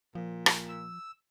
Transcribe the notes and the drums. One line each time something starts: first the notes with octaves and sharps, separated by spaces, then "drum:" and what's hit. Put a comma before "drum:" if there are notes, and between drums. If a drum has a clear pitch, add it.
A#2 F3
drum: rim click
E6